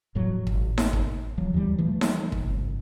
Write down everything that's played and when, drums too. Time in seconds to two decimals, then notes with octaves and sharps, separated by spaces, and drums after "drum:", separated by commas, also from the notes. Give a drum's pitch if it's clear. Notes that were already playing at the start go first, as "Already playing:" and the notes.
0.15 E1 A2 F3 F#3
0.47 D#1 G#1, drum: kick
0.78 drum: snare D#4
0.93 drum: kick
1.37 D1 F3 F#3
1.54 D#2 A#2 E3 G3
1.78 E3 F3 G3 A3
2.01 drum: snare D#4
2.32 drum: kick
2.43 G1 C2